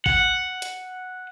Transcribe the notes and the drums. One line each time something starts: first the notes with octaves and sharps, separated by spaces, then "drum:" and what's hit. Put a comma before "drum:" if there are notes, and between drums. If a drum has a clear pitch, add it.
F#5, drum: kick G#1
drum: hi-hat